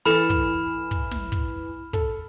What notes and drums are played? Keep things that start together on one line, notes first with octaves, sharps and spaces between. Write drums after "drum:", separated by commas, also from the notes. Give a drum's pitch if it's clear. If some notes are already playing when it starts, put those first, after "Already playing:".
E3 A4 B5 F6 E7
drum: kick
drum: kick
drum: snare
drum: kick
A4, drum: kick